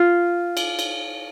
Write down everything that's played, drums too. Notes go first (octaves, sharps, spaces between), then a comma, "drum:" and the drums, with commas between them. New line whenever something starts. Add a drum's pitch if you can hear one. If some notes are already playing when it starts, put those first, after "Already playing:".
Already playing: F4
drum: cymbal
drum: cymbal